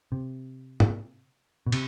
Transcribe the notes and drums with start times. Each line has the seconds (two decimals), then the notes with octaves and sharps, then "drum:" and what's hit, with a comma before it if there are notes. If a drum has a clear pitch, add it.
0.12 C3
0.80 drum: tom
1.66 B2
1.72 C3, drum: cymbal